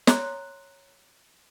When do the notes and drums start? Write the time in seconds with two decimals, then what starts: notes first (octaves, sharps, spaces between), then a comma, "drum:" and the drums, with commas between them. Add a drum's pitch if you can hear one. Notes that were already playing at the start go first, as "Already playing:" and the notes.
0.07 C#5 A#5 C6 F#6, drum: snare